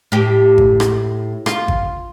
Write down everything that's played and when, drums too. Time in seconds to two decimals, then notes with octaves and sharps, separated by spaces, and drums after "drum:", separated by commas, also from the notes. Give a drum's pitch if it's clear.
0.12 A2 G4
0.58 drum: kick G#1
0.80 drum: rim click
1.46 F4, drum: rim click
1.68 drum: kick G#1